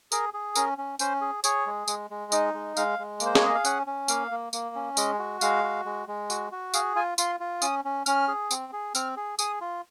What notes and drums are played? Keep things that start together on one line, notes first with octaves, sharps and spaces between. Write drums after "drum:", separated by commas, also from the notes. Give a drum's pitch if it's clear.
G#4 A#4, drum: tambourine
G#4
C#4 A#4, drum: tambourine
C#4
C#4 C5, drum: tambourine
G#4
G#4 C#5, drum: tambourine
G#3
G#3, drum: tambourine
G#3
D#4 D#5, drum: tambourine
G#3
G#3 F5, drum: tambourine
G#3
A#3, drum: tambourine
C5
C#5, drum: snare
G#4 D#5
F5
C#4 F#5, drum: tambourine
C#4
A#3 F5, drum: tambourine
A#3
A#3, drum: tambourine
C#4
G#3 D#5, drum: tambourine
F#4
G#3 F5, drum: tambourine
F#4
G#3
G#3
F#4, drum: tambourine
F#4
G#4 F5, drum: tambourine
F4 G#5
F4 C6, drum: tambourine
F4
C#4 D#6, drum: tambourine
C#4
C#4 F6, drum: tambourine
G#4
C4, drum: tambourine
G#4
C4 F6, drum: tambourine
G#4
G#4 D#6, drum: tambourine
F4